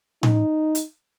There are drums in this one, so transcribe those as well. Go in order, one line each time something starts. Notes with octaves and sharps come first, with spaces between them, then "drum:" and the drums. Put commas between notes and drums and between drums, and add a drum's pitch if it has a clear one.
D#4, drum: tom A2
drum: hi-hat